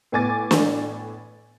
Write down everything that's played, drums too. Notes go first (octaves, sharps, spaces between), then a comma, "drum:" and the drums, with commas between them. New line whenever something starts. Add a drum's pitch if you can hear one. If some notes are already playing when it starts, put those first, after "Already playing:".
A2 B3 G#5 D6 A6
drum: snare